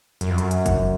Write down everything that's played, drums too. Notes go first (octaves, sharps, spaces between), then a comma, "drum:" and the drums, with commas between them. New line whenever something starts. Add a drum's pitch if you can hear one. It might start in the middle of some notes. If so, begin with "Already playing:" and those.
F#2, drum: hi-hat
F2
F#2, drum: hi-hat
drum: hi-hat
drum: kick, hi-hat